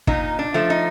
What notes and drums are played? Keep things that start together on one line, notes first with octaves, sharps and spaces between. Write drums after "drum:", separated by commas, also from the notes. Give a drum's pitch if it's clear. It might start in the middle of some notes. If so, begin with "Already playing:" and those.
A#2 D#4, drum: kick
D4
F3 A3
D#4